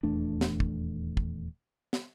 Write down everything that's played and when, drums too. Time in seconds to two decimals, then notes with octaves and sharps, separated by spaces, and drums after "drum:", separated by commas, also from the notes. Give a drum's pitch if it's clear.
0.03 D#1 E2 A3 D4
0.41 drum: snare
0.60 drum: kick
1.17 drum: kick
1.93 drum: snare